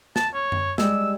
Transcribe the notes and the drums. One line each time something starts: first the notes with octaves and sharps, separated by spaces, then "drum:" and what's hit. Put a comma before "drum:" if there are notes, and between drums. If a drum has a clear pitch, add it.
A5, drum: snare
C#5
drum: tom F#2
G3 G#3 E6, drum: snare